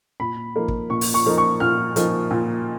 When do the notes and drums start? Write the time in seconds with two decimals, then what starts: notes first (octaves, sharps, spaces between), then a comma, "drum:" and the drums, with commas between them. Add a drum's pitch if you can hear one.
0.20 A#2 B5
0.55 F3 A#3 D#4
0.68 drum: kick
0.90 A#2 C#6
1.01 drum: open hi-hat
1.14 C#6
1.26 F3 A#3 D#4
1.38 C#6
1.60 A#2 F6
1.96 F3 A#3 D#4, drum: hi-hat
2.31 A#2